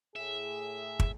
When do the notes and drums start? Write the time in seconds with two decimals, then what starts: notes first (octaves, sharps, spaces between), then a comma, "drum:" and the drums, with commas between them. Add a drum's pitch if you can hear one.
0.16 A2 G#4 E5
1.00 drum: kick